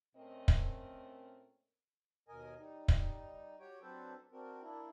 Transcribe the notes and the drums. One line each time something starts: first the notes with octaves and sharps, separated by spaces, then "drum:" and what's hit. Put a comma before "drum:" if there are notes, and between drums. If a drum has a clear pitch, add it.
A#2 A3 C4 C#4 A#4 D#5
drum: kick
D#2 B2 A#4 D#5 G#5
G3 D#4
drum: kick
F#4 G4 C#5 G5
F#3 C4 D4 A4 B4 C5
C4 D4 F#4 A#4
A#3 D4 E4